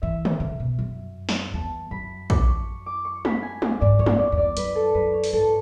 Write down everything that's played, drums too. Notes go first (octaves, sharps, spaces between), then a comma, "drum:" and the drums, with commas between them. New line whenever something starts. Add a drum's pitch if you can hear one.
E3 E5
drum: tom
C#3
B2
F#2
drum: snare
E2 A5
F#2 B5
D6, drum: kick
C#6
D6
C#6
B5, drum: tom
G#5
drum: tom
G#2 D5
E2 C#5
F#2, drum: tom
D5
E2
D5
F#2 B4, drum: hi-hat
A4
F#2 B4
C#5
drum: open hi-hat
G#2 A4